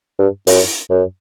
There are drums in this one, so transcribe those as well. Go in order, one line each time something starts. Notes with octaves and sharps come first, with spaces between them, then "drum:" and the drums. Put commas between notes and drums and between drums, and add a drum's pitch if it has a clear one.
G2
F#2, drum: open hi-hat
F#2